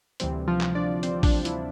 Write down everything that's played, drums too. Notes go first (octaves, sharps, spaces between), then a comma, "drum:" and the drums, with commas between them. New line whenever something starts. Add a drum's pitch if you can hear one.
D2 C3 E3 G3 C4, drum: hi-hat
F3 F4
drum: clap
D4 D5
C4 C5, drum: hi-hat
D4, drum: kick A1, open hi-hat
E4, drum: hi-hat